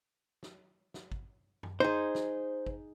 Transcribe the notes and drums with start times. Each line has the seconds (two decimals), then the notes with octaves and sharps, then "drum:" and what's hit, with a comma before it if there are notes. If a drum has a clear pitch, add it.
0.43 drum: snare
0.94 drum: snare
1.12 drum: kick
1.63 drum: tom F#2
1.80 D#4 G#4 C5
2.15 drum: snare
2.66 drum: kick